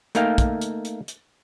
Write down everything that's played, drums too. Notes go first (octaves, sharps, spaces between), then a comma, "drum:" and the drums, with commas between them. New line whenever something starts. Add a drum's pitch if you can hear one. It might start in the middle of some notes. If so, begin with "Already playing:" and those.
A3 A#3 D#4 A#4 F5 G5, drum: hi-hat
drum: kick, hi-hat
drum: hi-hat
drum: hi-hat
drum: hi-hat